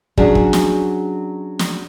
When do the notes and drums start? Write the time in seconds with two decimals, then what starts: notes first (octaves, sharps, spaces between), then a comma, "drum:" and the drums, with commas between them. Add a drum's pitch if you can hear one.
0.18 F#3 C#4 D4 F#4 G#4, drum: kick
0.35 drum: kick
0.53 drum: snare
1.59 drum: snare